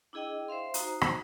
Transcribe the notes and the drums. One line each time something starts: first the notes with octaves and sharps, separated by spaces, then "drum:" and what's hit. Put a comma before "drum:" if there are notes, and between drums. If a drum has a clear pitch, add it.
D4 E4 G#4 D#5 G5
C5 E5 F5 C6
D#4 F#4 C5 A#5, drum: hi-hat
drum: rim click